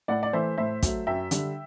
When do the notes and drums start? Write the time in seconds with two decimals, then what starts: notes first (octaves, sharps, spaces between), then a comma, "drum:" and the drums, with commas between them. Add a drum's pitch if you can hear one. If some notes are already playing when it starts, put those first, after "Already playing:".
0.08 A2 D5 F#5
0.23 D5
0.33 E3 A3 C5 E5
0.58 A2 C5 E5
0.82 F#3 A3, drum: kick, hi-hat
1.07 F#2 E5 G5
1.31 D3 G3, drum: hi-hat